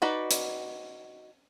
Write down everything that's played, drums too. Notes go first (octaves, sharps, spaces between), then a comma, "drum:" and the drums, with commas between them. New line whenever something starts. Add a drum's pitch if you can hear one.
D#4 F#4 B4 D5
drum: hi-hat